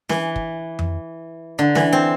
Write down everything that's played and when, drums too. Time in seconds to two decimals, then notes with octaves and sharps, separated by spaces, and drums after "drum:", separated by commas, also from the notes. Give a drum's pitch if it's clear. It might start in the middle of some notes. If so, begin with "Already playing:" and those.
0.09 E3, drum: snare
0.36 drum: kick
0.79 drum: tom F2
1.59 D3
1.75 E3, drum: snare
1.93 C4